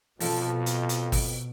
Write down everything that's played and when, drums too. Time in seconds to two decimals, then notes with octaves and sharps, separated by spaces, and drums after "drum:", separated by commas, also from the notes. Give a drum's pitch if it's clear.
0.20 F2 B2 F3 A4, drum: open hi-hat
0.66 drum: hi-hat
0.89 drum: hi-hat
1.12 drum: kick, open hi-hat